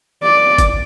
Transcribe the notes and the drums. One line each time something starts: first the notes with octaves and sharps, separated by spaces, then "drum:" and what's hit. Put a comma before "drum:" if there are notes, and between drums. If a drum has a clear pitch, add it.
D5
drum: kick, hi-hat